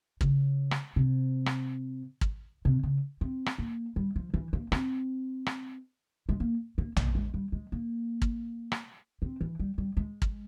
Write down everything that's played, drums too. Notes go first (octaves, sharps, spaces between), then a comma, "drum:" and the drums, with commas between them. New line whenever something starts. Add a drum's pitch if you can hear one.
C#3, drum: kick
drum: rim click
C3
drum: rim click
drum: kick
C3
C#3
C4
drum: rim click
A#3
G3
F3
E3
A#3
C4, drum: rim click
drum: rim click
G#3
A#3
A#3
A#3, drum: tom A#1
G#3
G3
G#3
A#3
drum: kick
drum: rim click
C4
E3
G3
G3
G#3
drum: kick